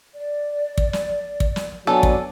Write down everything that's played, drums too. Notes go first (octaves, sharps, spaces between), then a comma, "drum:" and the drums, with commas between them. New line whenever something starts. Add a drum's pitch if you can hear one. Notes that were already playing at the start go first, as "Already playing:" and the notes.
D5
drum: kick
drum: snare
drum: kick
drum: snare
F#3 B3 D4 A4 G#5
drum: kick